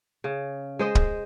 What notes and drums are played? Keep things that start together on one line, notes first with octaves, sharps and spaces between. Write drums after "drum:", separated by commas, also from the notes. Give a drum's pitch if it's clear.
C#3
G#3 C5 D#5
drum: kick